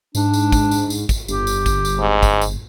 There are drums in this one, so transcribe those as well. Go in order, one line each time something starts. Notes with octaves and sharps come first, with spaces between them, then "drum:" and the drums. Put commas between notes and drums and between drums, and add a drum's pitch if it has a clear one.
G#2 D4, drum: tambourine
drum: tambourine
drum: kick, tambourine
drum: tambourine
drum: tambourine
drum: kick, tambourine
G1 G4, drum: tambourine
drum: tambourine
drum: kick, tambourine
drum: tambourine
G#2
drum: kick, tambourine
drum: tambourine